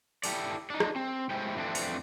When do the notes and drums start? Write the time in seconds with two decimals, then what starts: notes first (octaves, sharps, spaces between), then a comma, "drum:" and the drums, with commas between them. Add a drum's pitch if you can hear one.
0.24 E4 G4 A4 D5, drum: open hi-hat
0.70 D4 D#4
0.80 drum: rim click
0.96 C4
1.30 A2 G#3 E4 G4 C5 G5
1.56 F2 E3 A3 C4 D4
1.75 drum: open hi-hat